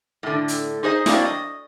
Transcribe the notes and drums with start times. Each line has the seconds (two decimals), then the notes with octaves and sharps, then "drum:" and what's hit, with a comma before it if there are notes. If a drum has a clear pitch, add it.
0.23 A2 D3
0.48 drum: hi-hat
0.83 D#4 G#4 C5 D#5
1.06 F#3 A#3 C4 D4 E4, drum: snare
1.25 D#5